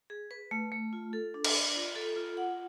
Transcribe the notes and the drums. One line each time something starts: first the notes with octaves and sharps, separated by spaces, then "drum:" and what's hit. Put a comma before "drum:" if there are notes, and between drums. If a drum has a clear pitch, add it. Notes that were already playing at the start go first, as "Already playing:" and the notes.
G#4
B4
A3
A3
F4
A4
D4
drum: cymbal
D5
F4
A4
F4
F#5